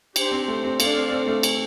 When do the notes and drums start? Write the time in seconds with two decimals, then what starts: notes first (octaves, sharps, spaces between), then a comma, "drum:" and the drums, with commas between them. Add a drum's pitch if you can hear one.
0.16 D4 G4 C5, drum: cymbal
0.32 C4
0.48 A3
0.64 C4
0.80 A3 D4 A4 D5 F5, drum: cymbal
0.96 C4
1.11 C4
1.27 A3
1.43 drum: cymbal